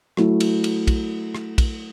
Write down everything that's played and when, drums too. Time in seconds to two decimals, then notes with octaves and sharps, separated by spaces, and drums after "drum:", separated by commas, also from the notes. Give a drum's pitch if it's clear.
0.17 F#3 A3 E4, drum: rim click
0.40 drum: cymbal
0.64 drum: cymbal
0.87 drum: kick, cymbal
1.35 drum: rim click
1.58 drum: kick, cymbal